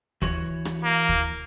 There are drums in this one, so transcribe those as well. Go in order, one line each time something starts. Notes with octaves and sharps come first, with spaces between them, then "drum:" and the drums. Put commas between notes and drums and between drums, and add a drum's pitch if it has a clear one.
E3 F#4 C#5, drum: kick
drum: rim click
A#3
drum: kick